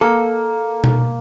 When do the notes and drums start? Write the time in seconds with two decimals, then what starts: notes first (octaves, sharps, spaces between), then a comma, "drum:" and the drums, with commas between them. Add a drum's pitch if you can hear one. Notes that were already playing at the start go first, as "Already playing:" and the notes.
0.01 A#3 A4
0.84 drum: tom B2